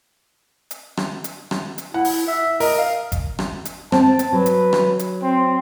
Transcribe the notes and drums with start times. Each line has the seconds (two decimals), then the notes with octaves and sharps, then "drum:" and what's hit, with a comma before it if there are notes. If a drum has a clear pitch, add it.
0.71 drum: hi-hat
0.97 drum: rim click
1.24 drum: hi-hat
1.51 drum: rim click
1.78 drum: hi-hat
1.94 E4 F#5
2.05 drum: open hi-hat
2.28 E5
2.60 A#4 D#5, drum: open hi-hat
2.78 F5
3.12 drum: kick, hi-hat
3.39 drum: rim click
3.65 drum: hi-hat
3.92 C4 A5, drum: rim click
4.19 drum: hi-hat
4.33 F#3 B4
4.46 drum: hi-hat
4.73 drum: rim click
4.99 drum: hi-hat
5.22 C4